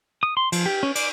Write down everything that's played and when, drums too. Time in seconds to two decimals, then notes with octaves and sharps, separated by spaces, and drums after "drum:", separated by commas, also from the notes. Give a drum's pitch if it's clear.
0.23 D#6
0.37 C6
0.52 F3, drum: cymbal
0.66 G4
0.83 C#4
0.95 D5, drum: cymbal